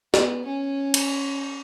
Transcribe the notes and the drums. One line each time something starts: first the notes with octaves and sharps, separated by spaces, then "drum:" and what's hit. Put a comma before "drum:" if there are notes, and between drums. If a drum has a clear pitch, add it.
B3, drum: snare
C#4
drum: cymbal